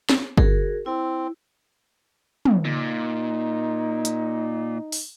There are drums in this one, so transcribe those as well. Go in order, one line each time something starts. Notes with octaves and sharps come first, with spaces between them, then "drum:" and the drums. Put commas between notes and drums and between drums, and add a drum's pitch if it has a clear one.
drum: snare
F#4 G#4 A#4, drum: kick G1
C4 E4
drum: tom
A#2 D#4
drum: hi-hat
drum: open hi-hat